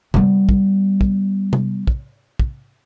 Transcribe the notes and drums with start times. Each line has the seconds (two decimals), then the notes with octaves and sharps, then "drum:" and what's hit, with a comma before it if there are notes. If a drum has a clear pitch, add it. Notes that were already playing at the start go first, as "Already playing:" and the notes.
0.14 G3 B3, drum: tom C3
0.49 drum: kick
1.01 drum: kick
1.53 drum: tom C3
1.87 drum: kick
2.40 drum: kick